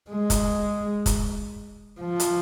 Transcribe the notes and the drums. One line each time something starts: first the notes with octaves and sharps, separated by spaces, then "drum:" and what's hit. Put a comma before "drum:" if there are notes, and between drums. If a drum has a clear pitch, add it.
G#3
drum: kick, hi-hat
drum: kick, hi-hat
F3
drum: hi-hat